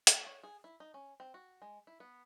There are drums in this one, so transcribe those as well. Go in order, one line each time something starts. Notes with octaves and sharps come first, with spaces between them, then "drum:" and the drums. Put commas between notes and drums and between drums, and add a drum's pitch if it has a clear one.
A3, drum: hi-hat
C#5
G#4
E4
D#4
C#4
C4
F#4
G#3
E4
B3